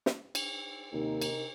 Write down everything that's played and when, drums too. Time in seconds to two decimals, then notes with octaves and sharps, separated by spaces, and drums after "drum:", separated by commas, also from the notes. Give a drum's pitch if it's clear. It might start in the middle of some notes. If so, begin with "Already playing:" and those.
0.06 drum: snare
0.35 drum: cymbal
0.93 D#2 C3 D#4 A#4
1.22 drum: cymbal